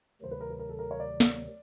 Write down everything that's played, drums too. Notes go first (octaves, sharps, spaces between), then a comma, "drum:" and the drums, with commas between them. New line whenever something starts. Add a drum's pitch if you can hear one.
D2 C3 D#3 F#3 C5
B4
A#4
B4
A#4
A4
A#4
C#5
D5
drum: snare